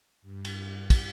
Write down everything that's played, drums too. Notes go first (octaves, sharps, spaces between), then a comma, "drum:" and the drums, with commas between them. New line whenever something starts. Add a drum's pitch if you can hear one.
G2
drum: cymbal
drum: kick, cymbal